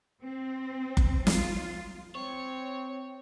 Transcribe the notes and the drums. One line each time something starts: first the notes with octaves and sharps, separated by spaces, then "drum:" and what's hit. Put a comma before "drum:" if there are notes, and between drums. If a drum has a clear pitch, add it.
C4
drum: kick F#1
F4, drum: snare
C4 C#5